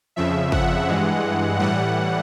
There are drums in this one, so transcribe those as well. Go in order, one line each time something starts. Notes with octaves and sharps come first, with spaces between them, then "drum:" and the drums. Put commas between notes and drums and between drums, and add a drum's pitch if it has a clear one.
F2 C#3 F3 E5
F#5, drum: kick
G2 E3 G#3
A2 E3 G3 F#5